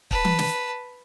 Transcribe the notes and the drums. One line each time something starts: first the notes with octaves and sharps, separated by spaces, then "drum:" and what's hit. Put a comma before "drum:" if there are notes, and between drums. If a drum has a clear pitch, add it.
B4 A5, drum: kick
drum: tom E3
drum: snare